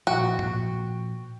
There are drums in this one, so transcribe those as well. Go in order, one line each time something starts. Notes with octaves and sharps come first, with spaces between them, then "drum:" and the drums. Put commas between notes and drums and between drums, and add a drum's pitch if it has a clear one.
A#2 F3 F#4 G5 C#6
drum: tom G#2